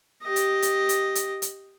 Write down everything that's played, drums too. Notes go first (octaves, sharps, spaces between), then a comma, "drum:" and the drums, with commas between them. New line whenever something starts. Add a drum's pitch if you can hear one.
G4 D#5
drum: hi-hat
drum: hi-hat
drum: hi-hat
drum: hi-hat
drum: hi-hat